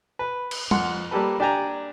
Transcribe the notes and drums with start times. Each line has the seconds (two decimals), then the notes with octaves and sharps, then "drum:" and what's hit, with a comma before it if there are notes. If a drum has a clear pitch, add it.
0.19 B4
0.51 drum: cymbal
0.71 F2 F#5 C6, drum: tom
1.11 G3 A#3 G4 A4 B4
1.40 D4 G4 D5 G5 G#5 A#5